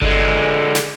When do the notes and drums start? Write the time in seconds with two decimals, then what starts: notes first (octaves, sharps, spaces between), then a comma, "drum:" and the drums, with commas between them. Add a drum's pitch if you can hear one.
0.02 D3 G#3, drum: kick G1
0.75 drum: snare